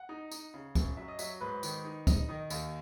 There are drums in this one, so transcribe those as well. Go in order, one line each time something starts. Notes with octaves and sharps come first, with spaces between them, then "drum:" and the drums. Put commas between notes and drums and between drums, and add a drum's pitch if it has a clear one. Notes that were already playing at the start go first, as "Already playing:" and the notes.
Already playing: F#5
D#4
D#4, drum: tambourine
C#3
F#2, drum: kick, tambourine
F#3 E5
D#5
F#3 E5, drum: tambourine
G#2 B4
D#3, drum: tambourine
D#4
D#4, drum: kick, tambourine
D#3 D#5
D#2, drum: tambourine